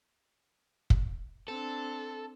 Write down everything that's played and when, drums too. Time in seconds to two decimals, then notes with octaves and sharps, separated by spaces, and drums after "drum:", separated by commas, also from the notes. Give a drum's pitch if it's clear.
0.90 drum: kick
1.48 C4 D4 A4